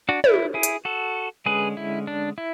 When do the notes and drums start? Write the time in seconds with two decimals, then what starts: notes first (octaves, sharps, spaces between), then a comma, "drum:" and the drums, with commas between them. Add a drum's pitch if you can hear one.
0.09 D4 F#4
0.24 E4, drum: tom
0.54 E4 G#4
0.63 drum: hi-hat
0.85 F#4 A4
1.46 D3 G#3 C#4 G#4 B4
1.77 E4
2.07 D4
2.38 E4